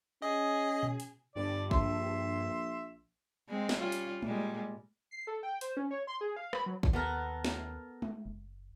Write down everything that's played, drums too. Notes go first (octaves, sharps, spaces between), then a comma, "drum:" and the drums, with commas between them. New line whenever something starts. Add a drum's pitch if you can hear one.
C#4 G#4 D#5
drum: tom A#2
drum: hi-hat
G1 G2 D5
A#1 E5 C6, drum: kick
G#3 C4
drum: snare
G3 C#4 F4
drum: hi-hat
A#2 G3 G#3, drum: tom G#3
C7
A4
G5
C5, drum: hi-hat
C#4
C#5
C6
G#4
F5
B5, drum: rim click
F#3
drum: kick
D#2 B3 A4 A#4
drum: snare
drum: tom G#3
F#1